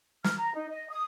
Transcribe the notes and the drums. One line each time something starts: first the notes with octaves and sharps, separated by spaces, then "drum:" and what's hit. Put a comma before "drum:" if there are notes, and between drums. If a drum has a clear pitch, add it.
F6, drum: snare
A#5
D#4
D#5
D#6